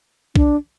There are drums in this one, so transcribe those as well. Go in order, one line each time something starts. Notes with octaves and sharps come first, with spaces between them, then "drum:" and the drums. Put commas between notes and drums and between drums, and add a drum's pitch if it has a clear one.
D4, drum: kick